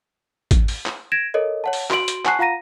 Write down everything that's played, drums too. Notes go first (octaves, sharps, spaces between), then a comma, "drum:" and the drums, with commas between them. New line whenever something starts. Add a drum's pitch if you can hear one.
drum: kick, hi-hat
drum: open hi-hat
drum: clap
G#6 A#6 D7 E7
A4 A#4 C#5 D#5
C#5 F#5 A5
drum: open hi-hat
F#4 C6 D7 F#7, drum: clap
drum: hi-hat
F#5 G#5 A5 C#6 F#6 C7, drum: clap
F4 F5 F#5 A#5 A#6 D#7